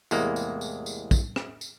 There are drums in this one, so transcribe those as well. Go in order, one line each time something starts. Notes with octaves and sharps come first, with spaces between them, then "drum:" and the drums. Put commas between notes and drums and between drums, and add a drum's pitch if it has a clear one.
E2 A2 C3 G#3 A#3, drum: tambourine
drum: tambourine
drum: tambourine
drum: tambourine
drum: kick, tambourine
drum: rim click
drum: tambourine